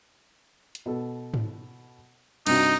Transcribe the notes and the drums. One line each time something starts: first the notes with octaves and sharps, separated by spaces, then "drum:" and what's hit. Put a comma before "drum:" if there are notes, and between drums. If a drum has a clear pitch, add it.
drum: hi-hat
B2 A4
drum: tom G#2
G2 C3 D#4 F#4, drum: cymbal